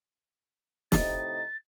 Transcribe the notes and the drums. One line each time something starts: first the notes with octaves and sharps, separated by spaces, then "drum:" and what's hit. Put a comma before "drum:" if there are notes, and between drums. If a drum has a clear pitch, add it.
A2 C3 D#4 A6, drum: snare